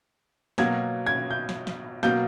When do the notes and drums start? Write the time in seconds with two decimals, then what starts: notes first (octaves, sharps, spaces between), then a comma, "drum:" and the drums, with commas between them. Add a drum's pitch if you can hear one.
0.58 B2 F#3 A#3 G#6, drum: snare
1.07 G#6
1.31 G6
1.49 drum: snare
1.67 drum: snare
2.03 B2 F#3 A#3 G6, drum: snare